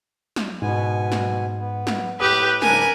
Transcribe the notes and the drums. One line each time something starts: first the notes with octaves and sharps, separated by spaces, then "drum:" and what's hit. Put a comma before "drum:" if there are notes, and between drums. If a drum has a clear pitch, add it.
drum: snare
G#2 B2 B3 G#5
drum: snare
B3
drum: snare
A2 G4 B4 D6 D#6
G#2 C#3 D4 A#4 B4 G#5, drum: snare